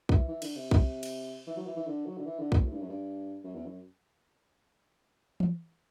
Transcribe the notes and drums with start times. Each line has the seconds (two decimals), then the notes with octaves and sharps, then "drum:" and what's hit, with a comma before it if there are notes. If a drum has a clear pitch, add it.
0.09 E3, drum: kick
0.29 E3
0.42 D3, drum: cymbal
0.55 C3
0.71 drum: kick
1.03 drum: cymbal
1.47 E3
1.57 F#3
1.67 E3
1.77 E3
1.87 D3
2.06 F#3
2.18 D3
2.25 E3
2.39 D3
2.52 B2, drum: kick
2.64 A2
2.73 G2
2.81 F#2
2.89 G2
3.44 F#2
3.55 E2
3.66 F#2
5.40 drum: tom E3